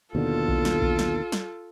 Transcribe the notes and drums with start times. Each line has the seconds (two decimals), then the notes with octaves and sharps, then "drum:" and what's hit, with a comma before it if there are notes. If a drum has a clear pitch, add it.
0.15 D#2 B2 D3 F4 A4
0.48 drum: kick A#1
0.65 drum: snare
0.82 drum: kick A#1
0.99 drum: snare
1.32 drum: snare